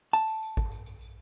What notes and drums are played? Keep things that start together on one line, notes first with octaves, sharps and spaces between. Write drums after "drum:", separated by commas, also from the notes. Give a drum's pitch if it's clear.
A5, drum: tambourine
drum: tambourine
drum: tambourine
drum: kick, tambourine
drum: tambourine
drum: tambourine
drum: tambourine